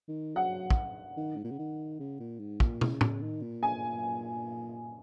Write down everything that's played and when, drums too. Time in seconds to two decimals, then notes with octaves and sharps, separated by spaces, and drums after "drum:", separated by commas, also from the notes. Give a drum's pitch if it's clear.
0.08 D#3
0.35 F#3 F#5
0.70 drum: kick
1.17 D#3
1.36 G#2
1.44 A#2
1.51 C#3
1.59 D#3
2.00 C#3
2.20 A#2
2.39 G#2
2.60 A#2, drum: kick
2.81 C#3, drum: tom
3.01 C#3, drum: tom
3.22 D#3
3.42 A#2
3.63 G#5